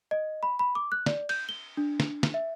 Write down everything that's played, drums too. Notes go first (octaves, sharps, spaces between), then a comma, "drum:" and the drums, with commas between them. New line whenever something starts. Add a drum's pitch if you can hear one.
D#5
B5
B5
D6
F#6
D5, drum: snare
G6, drum: cymbal
G7
D4
drum: snare
drum: snare
E5